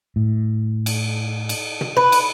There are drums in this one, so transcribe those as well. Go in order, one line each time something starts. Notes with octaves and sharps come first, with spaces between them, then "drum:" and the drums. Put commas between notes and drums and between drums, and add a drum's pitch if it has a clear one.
A2
drum: cymbal
drum: cymbal
drum: tom
B4
drum: cymbal